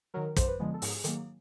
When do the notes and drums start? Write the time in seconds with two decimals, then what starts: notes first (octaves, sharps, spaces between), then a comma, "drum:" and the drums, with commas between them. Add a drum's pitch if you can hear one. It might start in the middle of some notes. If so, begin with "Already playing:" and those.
0.14 D#3 F#3 A#4
0.36 F#2 C5, drum: kick, hi-hat
0.48 B4
0.60 D3 F3 G#3 B3
0.74 A4
0.82 G#2 G#4, drum: open hi-hat
1.04 D#3 F#3 A#3, drum: hi-hat